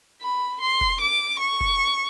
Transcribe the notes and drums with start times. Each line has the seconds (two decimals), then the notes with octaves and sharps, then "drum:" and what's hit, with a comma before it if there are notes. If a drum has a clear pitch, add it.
0.21 B5
0.61 C6
0.81 drum: kick
1.01 D6
1.40 C#6
1.61 drum: kick